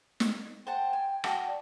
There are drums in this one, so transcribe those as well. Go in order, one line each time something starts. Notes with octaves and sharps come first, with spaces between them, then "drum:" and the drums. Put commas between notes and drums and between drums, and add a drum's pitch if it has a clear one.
drum: snare
C5 F#5 G5 A5
G#5
F#4 G5 A5 A#5, drum: rim click
D5